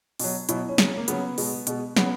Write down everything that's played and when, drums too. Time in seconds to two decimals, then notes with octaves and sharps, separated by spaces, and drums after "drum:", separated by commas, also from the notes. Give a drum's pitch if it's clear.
0.20 B2 F#3, drum: open hi-hat
0.49 B2 F#3 E4, drum: hi-hat
0.69 C#4
0.78 C#3 F#3, drum: snare
0.97 A#3
1.08 C#3 F#3 B3, drum: hi-hat
1.38 B2 G#3, drum: open hi-hat
1.67 B2 G#3, drum: hi-hat
1.96 C#3 F#3 B3, drum: snare